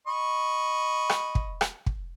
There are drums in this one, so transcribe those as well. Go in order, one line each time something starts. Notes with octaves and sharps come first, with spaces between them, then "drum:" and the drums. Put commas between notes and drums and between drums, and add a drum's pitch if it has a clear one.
D#5 B5 C#6
drum: rim click
drum: kick
drum: rim click
drum: kick